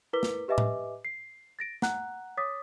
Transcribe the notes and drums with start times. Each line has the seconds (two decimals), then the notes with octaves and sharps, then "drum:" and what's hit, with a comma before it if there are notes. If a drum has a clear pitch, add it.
0.13 E4 A#4 B4 D6 B6 G7
0.23 drum: snare
0.48 G4 B4 D#5 E5 G#5 D6
0.58 drum: tom A2
1.05 C7
1.59 A6 A#6 D7
1.82 F#5 A#5 F#6, drum: snare
2.37 C#5 D6 D#6 A6 B6